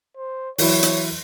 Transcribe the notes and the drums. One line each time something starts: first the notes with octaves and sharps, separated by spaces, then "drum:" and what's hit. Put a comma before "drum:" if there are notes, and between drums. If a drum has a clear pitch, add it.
C5
E3 F#3 E4 C#5, drum: open hi-hat
drum: hi-hat